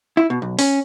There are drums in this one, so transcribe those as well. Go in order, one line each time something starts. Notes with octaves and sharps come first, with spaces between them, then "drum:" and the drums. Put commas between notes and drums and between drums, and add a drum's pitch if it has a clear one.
E4
B2
B1
C#4, drum: open hi-hat